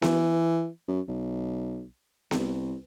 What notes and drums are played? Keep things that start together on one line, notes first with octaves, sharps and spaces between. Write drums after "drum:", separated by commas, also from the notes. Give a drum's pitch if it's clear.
E3, drum: snare B3
F#2
B1
C2, drum: snare B3